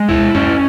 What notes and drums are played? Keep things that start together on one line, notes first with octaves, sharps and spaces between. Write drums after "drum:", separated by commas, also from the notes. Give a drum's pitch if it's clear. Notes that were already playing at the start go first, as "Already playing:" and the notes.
Already playing: G#3
E4, drum: kick C#2
C#4, drum: tom